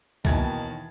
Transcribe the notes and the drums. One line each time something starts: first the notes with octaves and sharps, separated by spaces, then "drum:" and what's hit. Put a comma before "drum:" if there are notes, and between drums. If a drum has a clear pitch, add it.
D#2 B2 D#3 E3 A5 G#6, drum: kick B1